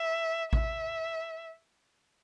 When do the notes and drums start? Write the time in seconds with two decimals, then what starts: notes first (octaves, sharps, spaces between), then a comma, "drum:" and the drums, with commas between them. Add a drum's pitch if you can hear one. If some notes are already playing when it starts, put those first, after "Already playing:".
Already playing: E5
0.53 E5, drum: kick A1